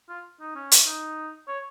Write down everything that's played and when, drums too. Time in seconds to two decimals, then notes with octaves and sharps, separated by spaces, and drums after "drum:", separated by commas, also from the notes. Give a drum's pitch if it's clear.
0.09 F4
0.40 D#4
0.55 C#4
0.72 drum: hi-hat
0.86 D#4
1.48 C#5